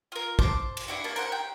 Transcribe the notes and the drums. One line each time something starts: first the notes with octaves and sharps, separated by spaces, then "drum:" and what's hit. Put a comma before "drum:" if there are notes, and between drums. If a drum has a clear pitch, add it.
F4 A#4
C5 A5 D6, drum: kick
drum: cymbal
D4 E4 F#4
A#3 A5
A#4 C5 F#5
G5